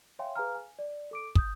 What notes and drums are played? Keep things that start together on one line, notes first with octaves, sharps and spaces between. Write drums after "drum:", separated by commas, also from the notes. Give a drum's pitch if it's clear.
C#5 E5 F5 G5 G#5 C6
G#4 B4 F5 G#5 A#5 F6
G#5
D5
A4 D6 D7
D#6 G6, drum: kick